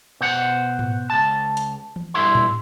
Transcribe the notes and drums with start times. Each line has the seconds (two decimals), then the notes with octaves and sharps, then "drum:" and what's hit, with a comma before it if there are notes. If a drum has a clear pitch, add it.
0.21 B2 C5 F#5
0.79 drum: tom G#2
1.10 C#2 A5
1.57 drum: hi-hat
1.96 drum: tom E3
2.14 B1 G2 E4 C6
2.35 drum: tom A2